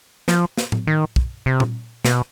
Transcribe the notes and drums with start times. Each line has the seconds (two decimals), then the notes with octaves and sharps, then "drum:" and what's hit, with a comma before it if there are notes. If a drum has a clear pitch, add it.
0.28 F3, drum: snare
0.58 drum: snare
0.72 drum: tom A2
0.87 D#3
1.16 drum: kick
1.46 C3
1.60 drum: tom A#2
2.04 B2, drum: snare